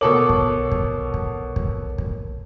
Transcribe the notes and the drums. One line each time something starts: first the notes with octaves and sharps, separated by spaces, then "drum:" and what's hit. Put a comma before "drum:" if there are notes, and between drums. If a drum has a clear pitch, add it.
B2 A4 A#4 C#5 D6 F#7
drum: kick
drum: kick
drum: kick
drum: kick
drum: kick